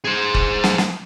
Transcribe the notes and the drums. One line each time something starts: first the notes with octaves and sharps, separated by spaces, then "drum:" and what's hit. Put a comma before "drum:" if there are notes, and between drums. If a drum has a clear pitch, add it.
G#4 C5
drum: kick F1
drum: snare
drum: snare